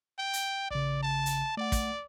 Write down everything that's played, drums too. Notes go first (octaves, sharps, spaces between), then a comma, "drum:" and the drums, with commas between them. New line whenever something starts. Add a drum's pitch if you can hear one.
G5
drum: hi-hat
A1 C#3 D5
A5
drum: hi-hat
A3 D5 F#5
drum: kick, hi-hat